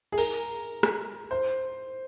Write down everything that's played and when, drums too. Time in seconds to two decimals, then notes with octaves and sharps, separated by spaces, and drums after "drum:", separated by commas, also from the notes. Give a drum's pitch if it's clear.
0.12 G#4
0.18 A#4, drum: cymbal
0.83 drum: rim click
1.31 C5